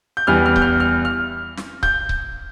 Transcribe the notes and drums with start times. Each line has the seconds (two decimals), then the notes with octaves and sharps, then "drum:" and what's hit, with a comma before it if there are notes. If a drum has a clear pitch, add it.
0.17 G6
0.27 E2 E3 G3 F6
0.46 F6
0.56 G6, drum: kick C#1
0.62 F6
0.80 F6
1.05 F6
1.57 drum: snare
1.83 G6, drum: kick C#1
2.09 drum: kick C#1